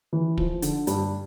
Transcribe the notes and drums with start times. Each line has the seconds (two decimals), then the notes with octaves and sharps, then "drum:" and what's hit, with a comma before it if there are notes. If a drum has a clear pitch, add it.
0.13 E3
0.38 F3, drum: kick
0.62 D3, drum: hi-hat
0.87 G2, drum: hi-hat